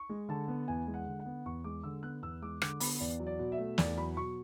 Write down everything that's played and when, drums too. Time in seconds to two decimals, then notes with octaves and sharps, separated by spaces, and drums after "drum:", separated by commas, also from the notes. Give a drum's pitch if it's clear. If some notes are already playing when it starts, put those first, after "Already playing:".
Already playing: C#6
0.09 G#3
0.29 D3 A5
0.48 B3
0.68 E2 G#5
0.87 G#3
0.94 F#5
1.06 D3
1.20 F#5
1.26 B3
1.46 E2 C#6
1.64 G#3 D6
1.83 D3 E6
2.03 B3 F#6
2.22 E2 E6
2.42 G#3 D6
2.62 D3 D6, drum: rim click
2.80 B3 B5, drum: open hi-hat
3.00 E2 D5
3.20 F#3
3.27 D5
3.39 B2
3.52 E5
3.58 A3
3.78 E2 D5, drum: snare
3.97 F#3 B5
4.17 B2 C#6